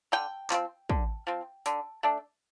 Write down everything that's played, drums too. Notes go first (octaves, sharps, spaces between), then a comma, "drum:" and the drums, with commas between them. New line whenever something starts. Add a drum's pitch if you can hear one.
D3 G5
F3 C4, drum: clap
D3, drum: kick
F3 C4
D3, drum: hi-hat
A3 D4